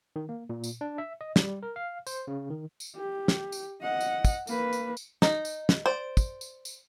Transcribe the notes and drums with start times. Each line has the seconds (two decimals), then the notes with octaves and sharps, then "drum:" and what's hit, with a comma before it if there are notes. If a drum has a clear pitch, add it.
0.16 D#3
0.29 A#3
0.49 A#2
0.64 drum: tambourine
0.81 D4
0.98 E5
1.21 D#5
1.36 G3, drum: snare
1.63 A#4
1.76 F5
2.07 C5, drum: tambourine
2.27 C#3
2.50 D#3
2.80 drum: tambourine
2.96 G4
3.28 drum: snare
3.52 drum: tambourine
3.82 D#5 F#5
4.00 drum: tambourine
4.25 drum: kick, tambourine
4.47 A#3 B4, drum: tambourine
4.73 drum: tambourine
4.97 drum: tambourine
5.22 D#4, drum: snare
5.45 drum: tambourine
5.69 drum: snare
5.86 C5 D5
6.17 drum: kick, tambourine
6.41 drum: tambourine
6.65 drum: tambourine